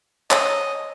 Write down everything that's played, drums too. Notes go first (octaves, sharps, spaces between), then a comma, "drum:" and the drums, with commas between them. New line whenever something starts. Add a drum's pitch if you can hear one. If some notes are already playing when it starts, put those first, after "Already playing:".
C#5 D#5, drum: clap